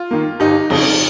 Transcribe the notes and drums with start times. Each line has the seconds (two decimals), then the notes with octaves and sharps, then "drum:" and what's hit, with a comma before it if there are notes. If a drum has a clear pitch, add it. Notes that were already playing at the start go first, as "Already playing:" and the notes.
Already playing: F4
0.11 D#3 A#3
0.40 G1 D#4 G4
0.70 F2 C#3, drum: cymbal